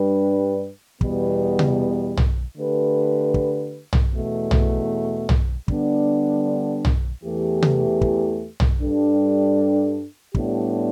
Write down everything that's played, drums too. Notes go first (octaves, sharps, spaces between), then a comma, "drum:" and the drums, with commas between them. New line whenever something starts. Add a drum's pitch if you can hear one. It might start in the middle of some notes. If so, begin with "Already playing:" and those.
Already playing: G2 G3 D4 B4
E2 B2 G3 B3, drum: kick
drum: tom C3
drum: tom
D3 A3 G4 B4
drum: kick
drum: tom
E2 B2 A3
drum: tom
drum: tom
D3 G3 B3 D4, drum: kick
drum: tom
E2 E3 A3 G4
drum: tom C3
drum: kick
drum: tom
G2 G3 D4 A4
A2 G3 B3 D4 G4, drum: kick